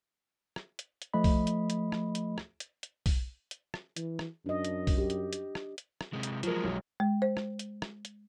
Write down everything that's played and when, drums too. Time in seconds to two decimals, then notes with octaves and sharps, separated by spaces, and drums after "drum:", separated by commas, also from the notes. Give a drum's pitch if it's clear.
0.56 drum: rim click
0.79 drum: hi-hat
1.02 drum: hi-hat
1.14 F3 A3 D#5 B5
1.24 drum: kick B1, open hi-hat
1.47 drum: hi-hat
1.70 drum: hi-hat
1.92 drum: rim click
2.15 drum: hi-hat
2.38 drum: rim click
2.60 drum: hi-hat
2.83 drum: hi-hat
3.06 drum: kick B1, open hi-hat
3.51 drum: hi-hat
3.74 drum: rim click
3.96 E3, drum: hi-hat
4.19 drum: rim click
4.46 F#2 D4 D#5
4.65 drum: hi-hat
4.87 drum: kick B1, open hi-hat
4.98 G4
5.10 drum: hi-hat
5.33 drum: hi-hat
5.55 drum: rim click
5.78 drum: hi-hat
6.01 drum: rim click
6.13 C3 G#3
6.23 drum: hi-hat
6.43 F3 F#3 G#3 A#4, drum: hi-hat
6.64 B1
7.00 G#3
7.22 C5
7.37 drum: rim click
7.59 drum: hi-hat
7.82 drum: rim click
8.05 drum: hi-hat